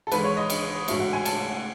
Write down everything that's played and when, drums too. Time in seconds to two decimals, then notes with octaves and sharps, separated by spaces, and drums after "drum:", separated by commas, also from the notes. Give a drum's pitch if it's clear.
0.07 A4
0.12 G#1 G#2 E3 G#3 B4, drum: cymbal
0.24 C#5
0.37 D#5
0.50 drum: cymbal
0.88 A1 G#2 F#3 A3 E5, drum: cymbal
1.00 F#5
1.13 G#5
1.25 A5, drum: cymbal
1.38 F#5
1.51 F#5